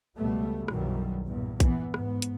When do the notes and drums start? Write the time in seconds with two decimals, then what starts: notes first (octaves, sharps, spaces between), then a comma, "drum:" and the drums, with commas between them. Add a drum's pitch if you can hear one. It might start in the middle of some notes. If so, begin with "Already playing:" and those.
0.15 C#2 B2 G3 A3 B3
0.68 B1 F#2 D#3 E3 F#3 G3, drum: rim click
1.26 E2 G2 A#2
1.60 E3 B3, drum: kick A#1, hi-hat
1.94 G#2 B3, drum: rim click
2.22 drum: hi-hat